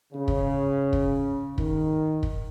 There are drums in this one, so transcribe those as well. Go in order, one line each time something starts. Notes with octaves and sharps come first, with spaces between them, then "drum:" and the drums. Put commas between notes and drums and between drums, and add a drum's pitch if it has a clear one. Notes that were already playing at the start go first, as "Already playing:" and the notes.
C#3
drum: kick
drum: kick
D#3, drum: kick
drum: kick